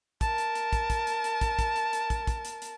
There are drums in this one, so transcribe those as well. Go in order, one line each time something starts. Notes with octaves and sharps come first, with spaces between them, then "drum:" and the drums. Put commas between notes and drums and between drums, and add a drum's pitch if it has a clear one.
A#4 A5, drum: kick, hi-hat
drum: hi-hat
drum: hi-hat
drum: kick, hi-hat
drum: kick, hi-hat
drum: hi-hat
drum: hi-hat
drum: kick, hi-hat
drum: kick, hi-hat
drum: hi-hat
drum: hi-hat
drum: kick, hi-hat
drum: kick, hi-hat
drum: hi-hat
drum: hi-hat